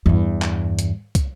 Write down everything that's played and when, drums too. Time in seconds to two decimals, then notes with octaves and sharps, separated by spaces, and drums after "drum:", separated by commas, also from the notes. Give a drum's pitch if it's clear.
0.06 E2 G2
0.42 drum: clap
0.79 drum: hi-hat
1.15 drum: kick, hi-hat